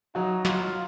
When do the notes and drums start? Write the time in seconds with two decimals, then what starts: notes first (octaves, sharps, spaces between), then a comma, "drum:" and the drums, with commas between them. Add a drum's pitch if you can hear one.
0.15 F#3 D#4 F#4
0.45 F4, drum: snare